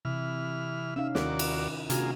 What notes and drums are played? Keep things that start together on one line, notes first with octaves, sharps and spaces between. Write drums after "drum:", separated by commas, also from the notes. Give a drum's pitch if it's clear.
C3 E3 F6
C#4 D#4 E5 F5
D#2 D#3 E4 F#4 A#4 D5, drum: snare
drum: cymbal
C3 A#3 D4 F4 F#4 G#4, drum: hi-hat